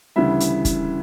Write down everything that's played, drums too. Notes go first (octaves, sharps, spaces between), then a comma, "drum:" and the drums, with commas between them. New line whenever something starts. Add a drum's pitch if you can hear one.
D2 C#3 E3 G3 E5
drum: hi-hat
drum: kick, hi-hat